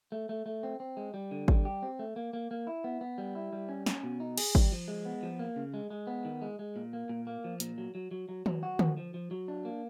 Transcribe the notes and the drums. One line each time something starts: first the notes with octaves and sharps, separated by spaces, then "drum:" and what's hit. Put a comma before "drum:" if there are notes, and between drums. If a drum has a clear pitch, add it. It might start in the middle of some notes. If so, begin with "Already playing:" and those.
A3
A3
A3
C4
C4
G#3
G3
D3
G3, drum: kick G#1
G4
C4
A3
A#3
A#3
A#3
E4
B3
B3
G3
E4
G3
C#4
C#4, drum: snare
B2
D#4
G#4, drum: cymbal
G3, drum: kick G#1
F3
G#3
B3
F3
A#3
C#3
G#3
G#3
B3
D#3
G#3
G#3
A#2
A#3
A#2
A#3
F3
A#2, drum: hi-hat
F#3
F#3
F#3
F#3
F#3, drum: tom D#3
F#4
F3, drum: tom
F3
F3
F#3
D4
A#3